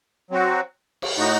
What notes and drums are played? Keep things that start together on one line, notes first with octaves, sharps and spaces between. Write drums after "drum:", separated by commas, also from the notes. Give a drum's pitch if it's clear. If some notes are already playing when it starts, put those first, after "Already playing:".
F#3 C4 F#4
drum: cymbal
A2 A3 D#4 F#4